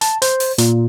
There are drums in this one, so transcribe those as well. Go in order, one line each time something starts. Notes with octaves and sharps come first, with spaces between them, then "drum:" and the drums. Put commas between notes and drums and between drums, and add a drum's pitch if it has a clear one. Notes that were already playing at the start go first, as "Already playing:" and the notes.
A5, drum: hi-hat
C5, drum: hi-hat
drum: open hi-hat
A#2, drum: hi-hat